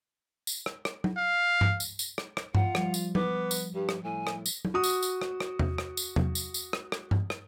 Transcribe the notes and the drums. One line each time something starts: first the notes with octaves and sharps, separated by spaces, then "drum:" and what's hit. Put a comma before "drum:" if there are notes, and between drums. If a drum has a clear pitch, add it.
drum: tambourine
drum: rim click
drum: rim click
drum: tom F#3
F5
drum: tom G2
drum: tambourine
drum: tambourine
drum: rim click
drum: rim click
F4 F#5, drum: tom G2
F3 G3, drum: rim click
drum: tambourine
B3 D6, drum: tom F#3
drum: tambourine
G2 G4
drum: rim click
A2 G#5
drum: rim click
drum: tambourine
drum: tom F#3
F#4 D#6
drum: tambourine
drum: tambourine
drum: rim click
drum: rim click
drum: tom E2
drum: rim click
drum: tambourine
drum: tom E2
drum: tambourine
drum: tambourine
drum: rim click
drum: rim click
drum: tom G2
drum: rim click